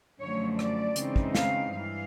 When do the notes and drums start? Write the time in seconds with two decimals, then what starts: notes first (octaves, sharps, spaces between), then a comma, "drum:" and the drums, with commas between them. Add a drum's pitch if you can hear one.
0.20 F#2 D3 F3 A3 C#5
0.59 D5, drum: rim click
0.96 C#3 E3 G#3 C4 D#4, drum: hi-hat
1.16 drum: kick
1.35 F5, drum: snare
1.72 G2 E3 F5